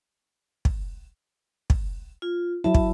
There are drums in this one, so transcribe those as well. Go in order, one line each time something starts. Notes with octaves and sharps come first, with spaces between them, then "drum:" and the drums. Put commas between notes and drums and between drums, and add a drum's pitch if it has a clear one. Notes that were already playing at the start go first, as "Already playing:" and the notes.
drum: kick
drum: kick
F4
F#3 E4 E5 A5
drum: kick